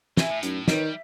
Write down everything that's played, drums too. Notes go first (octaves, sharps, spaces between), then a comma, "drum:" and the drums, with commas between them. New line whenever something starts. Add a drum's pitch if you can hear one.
E3 E5 G#5, drum: snare
A2
F#2 D#4, drum: hi-hat
D#3 G3 B4 C#5, drum: snare
E5